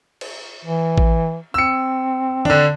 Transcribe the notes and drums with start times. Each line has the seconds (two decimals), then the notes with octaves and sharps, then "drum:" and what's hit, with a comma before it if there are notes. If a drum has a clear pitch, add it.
0.21 drum: cymbal
0.65 E3
0.98 drum: kick A1
1.54 C4 E6 C#7
2.45 D3 D4, drum: tom